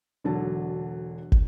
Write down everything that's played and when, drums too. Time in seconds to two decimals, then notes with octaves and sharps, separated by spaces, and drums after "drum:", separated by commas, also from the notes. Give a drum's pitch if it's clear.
0.24 E1 D3 F#3 A5
1.32 drum: kick